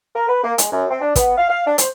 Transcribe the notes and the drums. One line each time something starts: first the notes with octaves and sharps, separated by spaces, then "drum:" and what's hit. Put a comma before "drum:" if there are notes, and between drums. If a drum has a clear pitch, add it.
A#4
B4
A#3
G#3, drum: hi-hat
F#2
C4
D4
B3, drum: kick, hi-hat
F5
F5
D4
C5, drum: hi-hat